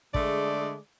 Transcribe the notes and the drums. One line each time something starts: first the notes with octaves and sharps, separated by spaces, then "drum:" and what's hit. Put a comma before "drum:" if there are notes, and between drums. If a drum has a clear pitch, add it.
D3 G#3 A3 G#4 D5, drum: kick